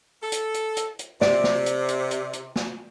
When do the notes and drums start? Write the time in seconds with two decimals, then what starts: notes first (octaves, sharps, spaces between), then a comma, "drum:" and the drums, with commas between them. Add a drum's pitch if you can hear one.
0.23 A4
0.32 drum: hi-hat
0.54 drum: hi-hat
0.77 drum: hi-hat
0.99 drum: hi-hat
1.21 C3 D5, drum: snare
1.44 drum: snare
1.66 drum: hi-hat
1.89 drum: hi-hat
2.11 drum: hi-hat
2.33 drum: hi-hat
2.56 drum: snare